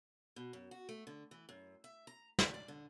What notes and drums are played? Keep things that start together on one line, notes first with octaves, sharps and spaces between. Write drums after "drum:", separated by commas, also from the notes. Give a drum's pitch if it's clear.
B2
F#2
F#4
A3
D3
E3
F#2
E5
A#5
D#2, drum: snare
D5
D3